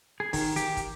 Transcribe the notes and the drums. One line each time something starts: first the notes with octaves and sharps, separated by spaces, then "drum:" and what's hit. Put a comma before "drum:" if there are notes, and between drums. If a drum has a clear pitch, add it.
G#4
D#3, drum: kick, open hi-hat
G4, drum: hi-hat
drum: kick, hi-hat